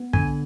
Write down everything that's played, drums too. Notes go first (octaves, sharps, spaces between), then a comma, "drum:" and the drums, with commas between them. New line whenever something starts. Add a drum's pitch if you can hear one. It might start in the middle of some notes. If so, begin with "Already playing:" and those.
Already playing: B3
D3 G#5, drum: kick